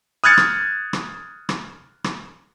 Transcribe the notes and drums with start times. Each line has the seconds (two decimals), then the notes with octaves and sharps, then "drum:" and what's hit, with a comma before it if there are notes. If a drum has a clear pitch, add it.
0.24 D#6 F6 F#6 G#6 A6 C#7
0.37 drum: rim click
0.93 drum: rim click
1.49 drum: rim click
2.04 drum: rim click